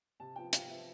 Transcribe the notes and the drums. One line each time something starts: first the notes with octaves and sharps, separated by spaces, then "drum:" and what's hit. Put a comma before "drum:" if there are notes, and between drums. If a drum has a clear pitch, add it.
C3 A5
F3 B3 F4 G5
C3 F5, drum: hi-hat
F3 B3 F4 E5